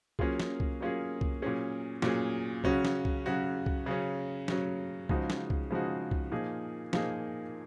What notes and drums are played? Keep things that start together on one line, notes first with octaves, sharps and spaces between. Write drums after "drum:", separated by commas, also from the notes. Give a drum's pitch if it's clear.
F#3 A#3 C#4 F4 G#4, drum: kick C2
drum: snare
drum: kick C2
F#3 A#3 C#4 F4 G#4
drum: kick C2
A#2 F#3 C#4 G#4
A#2 F#3 C#4 G#4, drum: snare
C#3 F#3 C#4 F#4, drum: kick C2
drum: snare
drum: kick C2
C#3 F#3 C#4 F#4
drum: kick C2
C#3 F#3 C#4
C#3 F#3 C#4, drum: snare
C#3 F3 G#3 D#4 F#4, drum: kick C2
drum: snare
drum: kick C2
C#3 F3 G#3 D#4 F#4
drum: kick C2
A#2 F3 A#3 D#4 G#4
A#2 F3 A#3 D#4 G#4, drum: snare